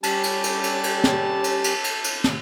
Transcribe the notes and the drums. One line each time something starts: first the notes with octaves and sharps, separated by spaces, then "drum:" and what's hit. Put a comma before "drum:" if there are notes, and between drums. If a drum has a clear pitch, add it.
G3 C#4 G4 A5, drum: cymbal
drum: cymbal
drum: cymbal
drum: cymbal
drum: cymbal
drum: snare
drum: cymbal
drum: cymbal
drum: cymbal
drum: cymbal
drum: snare